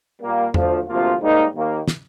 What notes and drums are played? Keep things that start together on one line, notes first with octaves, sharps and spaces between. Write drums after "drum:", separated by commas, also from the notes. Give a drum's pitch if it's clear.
A#2 G3 A#3
D2 D3 F3, drum: tom E2
D2 C3 F3 A#3 F4
G#2 G3 A#3 D#4 A#4
D#2 D#3 A#3
drum: snare